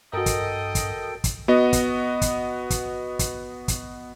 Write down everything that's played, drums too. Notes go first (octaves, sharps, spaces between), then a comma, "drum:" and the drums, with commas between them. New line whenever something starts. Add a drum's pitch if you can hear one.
G2 F#4 A4 A#4 D#5 G5
drum: kick, hi-hat
drum: kick, hi-hat
drum: kick, hi-hat
B3 F#4 D#5
drum: kick, hi-hat
drum: kick, hi-hat
drum: kick, hi-hat
drum: kick, hi-hat
drum: kick, hi-hat